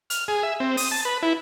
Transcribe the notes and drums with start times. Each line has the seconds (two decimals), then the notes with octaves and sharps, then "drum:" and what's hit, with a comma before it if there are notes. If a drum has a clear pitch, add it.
0.10 F6, drum: hi-hat
0.28 G#4
0.43 E5
0.60 C4
0.77 D#6, drum: open hi-hat
0.91 A5
1.05 B4
1.23 E4